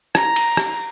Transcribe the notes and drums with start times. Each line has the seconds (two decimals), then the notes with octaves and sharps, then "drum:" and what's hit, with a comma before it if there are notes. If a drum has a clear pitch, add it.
0.15 A#5, drum: rim click
0.36 drum: cymbal
0.57 drum: rim click